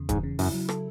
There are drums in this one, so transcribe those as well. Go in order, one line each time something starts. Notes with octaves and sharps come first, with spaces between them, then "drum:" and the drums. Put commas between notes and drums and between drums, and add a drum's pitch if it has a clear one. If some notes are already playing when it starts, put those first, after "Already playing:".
Already playing: E2 C#3
G#2 E3, drum: kick, hi-hat
C#3
F#2 E4, drum: open hi-hat
F#3
A4, drum: rim click